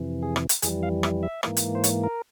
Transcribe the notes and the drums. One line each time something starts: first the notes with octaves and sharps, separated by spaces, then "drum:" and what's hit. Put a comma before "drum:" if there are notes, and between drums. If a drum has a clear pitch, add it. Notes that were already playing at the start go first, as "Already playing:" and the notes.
Already playing: F2 C3 E3
G#4
drum: rim click
drum: hi-hat
F2 E3 G3 G#4, drum: hi-hat
F5
E5, drum: rim click
E5
G#2 E3 A#3, drum: rim click
drum: hi-hat
C5
C#5, drum: hi-hat
A#4